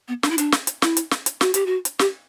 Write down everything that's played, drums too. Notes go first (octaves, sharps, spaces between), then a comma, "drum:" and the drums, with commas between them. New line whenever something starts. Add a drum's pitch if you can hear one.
B3
D4, drum: snare
E4
D4, drum: hi-hat
drum: snare
drum: hi-hat
E4, drum: snare
drum: hi-hat
drum: snare
drum: hi-hat
F#4, drum: snare
G4, drum: hi-hat
F#4
drum: hi-hat
G4, drum: snare